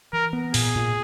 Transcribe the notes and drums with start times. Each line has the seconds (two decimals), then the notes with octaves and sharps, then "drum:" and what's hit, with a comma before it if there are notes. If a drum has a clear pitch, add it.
0.13 E3 A#4
0.33 B3
0.54 A#2 G#4, drum: open hi-hat
0.75 A#2